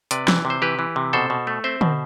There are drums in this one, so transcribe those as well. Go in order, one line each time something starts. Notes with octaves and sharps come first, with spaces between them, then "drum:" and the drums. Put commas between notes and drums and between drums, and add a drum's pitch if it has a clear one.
C3 B4 D5, drum: hi-hat
E3, drum: snare
C3
C5
E3 G4 B4
E3
C3
B2 A4 C5
B2
A3
C4 C5 E5
B2, drum: tom D3